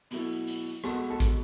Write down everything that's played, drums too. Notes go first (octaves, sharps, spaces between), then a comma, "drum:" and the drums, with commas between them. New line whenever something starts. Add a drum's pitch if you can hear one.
B2 F#3 A3 E4 A4, drum: hi-hat
drum: hi-hat
B2 G#3 B3 F#4 A4, drum: rim click
A4
drum: kick A1, hi-hat